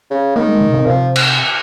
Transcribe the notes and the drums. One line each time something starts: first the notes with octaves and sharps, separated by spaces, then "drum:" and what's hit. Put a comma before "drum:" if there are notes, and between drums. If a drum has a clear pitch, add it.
C#3
D#3 A#3
G#3
C#3
A#2
C3
C3 F3
drum: cymbal